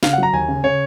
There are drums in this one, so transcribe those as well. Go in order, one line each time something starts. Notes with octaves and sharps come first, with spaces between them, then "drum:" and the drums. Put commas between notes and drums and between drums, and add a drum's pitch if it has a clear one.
C#3 F5, drum: snare
F#5
F#3 A#5
D#2 G#5
C#3
C#3 C#5